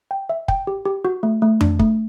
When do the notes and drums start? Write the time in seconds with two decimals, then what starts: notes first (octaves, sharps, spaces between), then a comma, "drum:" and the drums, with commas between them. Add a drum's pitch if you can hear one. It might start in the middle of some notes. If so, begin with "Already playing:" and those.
0.11 G5
0.30 E5
0.48 G5, drum: kick
0.67 G4
0.85 G4
1.05 F#4
1.23 A3
1.42 A3
1.61 D4, drum: tom F2
1.79 A3, drum: kick